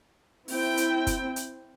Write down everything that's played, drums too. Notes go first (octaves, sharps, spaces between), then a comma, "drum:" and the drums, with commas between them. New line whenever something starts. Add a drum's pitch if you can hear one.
C4 E4 G5, drum: open hi-hat
drum: hi-hat
drum: kick F#1, hi-hat
drum: hi-hat